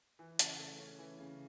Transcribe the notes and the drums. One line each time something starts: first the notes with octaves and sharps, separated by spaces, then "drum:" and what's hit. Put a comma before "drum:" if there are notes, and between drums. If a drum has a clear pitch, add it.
E3
C#3, drum: hi-hat
A3
C#4
E3
C#3